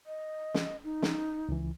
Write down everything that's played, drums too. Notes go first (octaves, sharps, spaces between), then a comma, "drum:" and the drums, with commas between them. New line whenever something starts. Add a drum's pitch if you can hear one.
D#5
drum: snare
D#4
drum: snare
C#2 E3